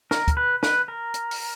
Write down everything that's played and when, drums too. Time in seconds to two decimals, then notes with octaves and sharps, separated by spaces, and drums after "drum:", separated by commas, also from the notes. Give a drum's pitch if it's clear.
0.11 A#4, drum: snare
0.28 drum: kick, hi-hat
0.37 B4
0.63 B4, drum: snare
0.88 A#4
1.14 drum: hi-hat
1.31 drum: open hi-hat